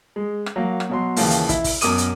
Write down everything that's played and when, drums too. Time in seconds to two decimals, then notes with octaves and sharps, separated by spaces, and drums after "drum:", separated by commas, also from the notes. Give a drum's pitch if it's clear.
0.16 G#3
0.46 drum: rim click
0.56 F#3 A#3
0.80 drum: rim click
0.89 B2 F#3 C6
1.16 D#2 C#3 E3 F3 A#3, drum: open hi-hat
1.31 drum: hi-hat
1.49 E4, drum: kick, hi-hat
1.64 drum: kick, open hi-hat
1.81 F#2 B2 A#4 D6 D#6 D#7, drum: hi-hat
1.98 drum: hi-hat